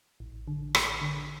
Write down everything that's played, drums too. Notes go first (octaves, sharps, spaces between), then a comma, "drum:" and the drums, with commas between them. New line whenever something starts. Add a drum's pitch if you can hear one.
A1
D3
A1, drum: rim click
D3